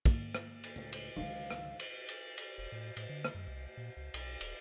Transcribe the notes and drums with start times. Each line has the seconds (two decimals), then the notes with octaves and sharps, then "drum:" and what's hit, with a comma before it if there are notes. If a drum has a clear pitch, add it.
0.06 A#3, drum: kick, cymbal
0.35 drum: rim click
0.64 drum: cymbal
0.76 C#2 A2
0.93 drum: cymbal
1.16 C#2 D3 D#3 F#3 G#3 D#4 F5
1.51 drum: rim click
1.80 drum: cymbal
2.09 drum: cymbal
2.38 drum: cymbal
2.58 F1
2.72 A2
2.97 A2, drum: cymbal
3.09 D3
3.25 drum: rim click
3.35 F#2
3.48 C2
3.77 A#2
3.97 C#2
4.14 B1, drum: cymbal
4.41 D#1, drum: cymbal